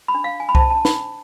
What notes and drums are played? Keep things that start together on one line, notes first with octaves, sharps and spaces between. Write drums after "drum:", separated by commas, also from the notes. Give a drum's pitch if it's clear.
B5
D4
F5
D4
G#5
B5
C5 A5, drum: kick C2
D4 A5
B5, drum: snare
D4